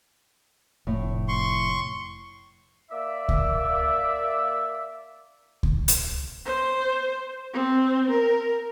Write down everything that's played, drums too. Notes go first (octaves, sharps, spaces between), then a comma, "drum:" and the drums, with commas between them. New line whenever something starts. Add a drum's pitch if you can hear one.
F1 A2
C6 C#6
A#3 D5 E5
drum: kick C#2
drum: kick C#2
drum: hi-hat
C5
C4
A#4